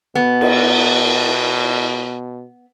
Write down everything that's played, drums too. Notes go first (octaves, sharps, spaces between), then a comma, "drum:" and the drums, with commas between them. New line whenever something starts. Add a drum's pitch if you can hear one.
B2 B3
drum: cymbal